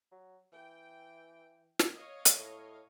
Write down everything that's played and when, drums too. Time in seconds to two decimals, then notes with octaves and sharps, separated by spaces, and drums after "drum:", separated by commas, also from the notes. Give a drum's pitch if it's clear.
0.12 F#3
0.53 E3 G5
1.79 drum: snare
1.95 C#5 D#5 F5
2.25 drum: hi-hat
2.39 A2